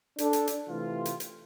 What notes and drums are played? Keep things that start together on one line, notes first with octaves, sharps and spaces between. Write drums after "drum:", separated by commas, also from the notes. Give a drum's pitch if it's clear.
D4 A4, drum: hi-hat
drum: hi-hat
drum: hi-hat
C3 E3 A3 F4
drum: hi-hat
drum: hi-hat